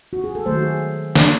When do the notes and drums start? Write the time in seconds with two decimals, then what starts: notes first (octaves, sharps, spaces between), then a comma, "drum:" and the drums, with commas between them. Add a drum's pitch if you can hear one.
0.13 F#4
0.24 G#4
0.35 A4
0.46 D#3 F#3 A3 C5
0.55 F#4
0.63 G#4
1.16 drum: snare